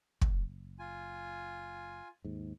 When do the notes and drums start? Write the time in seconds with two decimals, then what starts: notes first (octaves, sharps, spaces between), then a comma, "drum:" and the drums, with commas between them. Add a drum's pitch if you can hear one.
0.21 F#1, drum: kick
0.79 F4 G#5
2.25 D#2 G#2